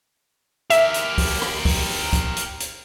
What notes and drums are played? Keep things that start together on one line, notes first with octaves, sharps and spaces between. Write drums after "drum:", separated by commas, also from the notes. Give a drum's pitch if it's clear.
G4 A#4 E5, drum: hi-hat
drum: hi-hat
drum: kick, open hi-hat
drum: rim click
drum: kick, open hi-hat
drum: open hi-hat
drum: kick, hi-hat
drum: hi-hat
drum: hi-hat